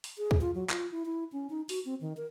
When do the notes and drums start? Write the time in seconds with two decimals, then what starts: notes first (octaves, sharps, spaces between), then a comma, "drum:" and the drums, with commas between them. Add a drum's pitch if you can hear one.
0.04 drum: open hi-hat
0.18 G#4
0.31 drum: kick D2
0.41 F4
0.55 F#3
0.69 F4, drum: clap
0.91 E4
1.06 E4
1.32 C#4
1.50 D#4
1.69 F#4, drum: open hi-hat
1.85 C4
2.01 D#3
2.17 A#4